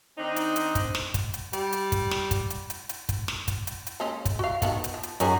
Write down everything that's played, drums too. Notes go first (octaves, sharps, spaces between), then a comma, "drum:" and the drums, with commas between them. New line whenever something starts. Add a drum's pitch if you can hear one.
D#3 C4 D4 D#4
drum: hi-hat
drum: hi-hat
drum: kick, hi-hat
drum: snare
drum: kick, hi-hat
drum: hi-hat
G3, drum: hi-hat
drum: hi-hat
drum: kick, hi-hat
drum: snare
drum: kick, hi-hat
drum: hi-hat
drum: hi-hat
drum: hi-hat
drum: kick, hi-hat
drum: snare
drum: kick, hi-hat
drum: hi-hat
drum: hi-hat
G#3 A#3 C#4
drum: kick, hi-hat
F#4 F5
D#3 B3 F#5, drum: kick, hi-hat
drum: hi-hat
F3
drum: hi-hat
F#2 D#3 G#4, drum: hi-hat